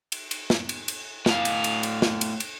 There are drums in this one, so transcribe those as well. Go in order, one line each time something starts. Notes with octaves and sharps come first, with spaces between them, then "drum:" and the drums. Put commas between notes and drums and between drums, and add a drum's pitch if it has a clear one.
drum: cymbal
drum: cymbal
drum: snare
drum: cymbal
drum: cymbal
A2 F5, drum: snare
drum: cymbal
drum: cymbal
drum: cymbal
drum: snare
drum: cymbal
drum: cymbal